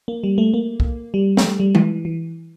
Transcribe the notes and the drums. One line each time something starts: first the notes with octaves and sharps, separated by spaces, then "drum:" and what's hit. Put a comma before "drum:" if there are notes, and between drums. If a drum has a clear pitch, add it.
A#3
G3
A3
A#3
drum: kick
G3
A3, drum: snare
G3
G3
E3, drum: tom G#3
E3